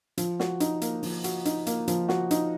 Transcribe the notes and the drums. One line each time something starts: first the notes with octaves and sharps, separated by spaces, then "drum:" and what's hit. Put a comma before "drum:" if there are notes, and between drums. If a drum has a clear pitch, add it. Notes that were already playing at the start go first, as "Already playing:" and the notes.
F3, drum: hi-hat
F#4, drum: snare
D#4, drum: hi-hat
A#3, drum: hi-hat
F3, drum: open hi-hat
F#4, drum: hi-hat
D#4, drum: hi-hat
A#3, drum: hi-hat
F3, drum: hi-hat
F#4, drum: snare
D#4, drum: hi-hat